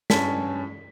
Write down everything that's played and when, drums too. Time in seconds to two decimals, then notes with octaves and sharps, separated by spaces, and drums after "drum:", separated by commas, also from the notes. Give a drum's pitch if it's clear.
0.10 G2 C#4 A5 B6, drum: snare